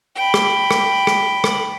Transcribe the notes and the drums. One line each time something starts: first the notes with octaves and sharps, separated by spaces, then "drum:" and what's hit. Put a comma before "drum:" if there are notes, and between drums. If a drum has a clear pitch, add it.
G5 B5
drum: rim click
drum: rim click
drum: rim click
drum: rim click